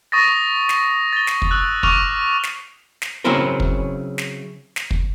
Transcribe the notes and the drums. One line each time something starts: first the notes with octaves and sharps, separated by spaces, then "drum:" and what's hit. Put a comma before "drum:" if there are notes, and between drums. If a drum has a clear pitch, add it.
C#6 D#6 A6 A#6
drum: snare
A6 G7
drum: snare
drum: kick
E6 F#6
C#6 D6 F6 F7, drum: kick
drum: snare
drum: snare
C#3 F#3 C4 C#4 E4 A#4
drum: kick
drum: snare
drum: snare
drum: kick